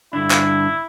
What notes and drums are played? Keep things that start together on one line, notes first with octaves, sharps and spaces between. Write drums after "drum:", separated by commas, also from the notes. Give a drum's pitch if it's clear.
G2 D3 D4 E4
drum: clap